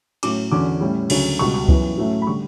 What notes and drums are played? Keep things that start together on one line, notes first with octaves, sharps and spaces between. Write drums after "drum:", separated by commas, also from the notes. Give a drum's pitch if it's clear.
A2 F#3 C#4 D6, drum: cymbal
E2 D3 F#3 C#4 D6
A2 G3 C#4
D2 C#3 F#3 C#4, drum: cymbal
C#2 B2 G3 C#6
C#6
F#2 E3 B3, drum: kick C#2
A2 F#3 A3 C#4
B5
D3 G3 C#6